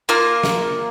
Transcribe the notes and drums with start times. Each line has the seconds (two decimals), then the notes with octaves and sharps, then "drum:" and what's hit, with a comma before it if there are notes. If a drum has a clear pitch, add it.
0.09 A#3 F4 A#4
0.43 drum: snare